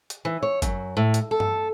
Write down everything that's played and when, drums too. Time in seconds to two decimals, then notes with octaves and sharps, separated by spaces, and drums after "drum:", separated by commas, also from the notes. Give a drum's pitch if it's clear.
0.10 drum: hi-hat
0.25 E3
0.43 C#5
0.62 F#2, drum: kick, hi-hat
0.97 A2
1.14 drum: hi-hat
1.31 A4
1.40 drum: tom G2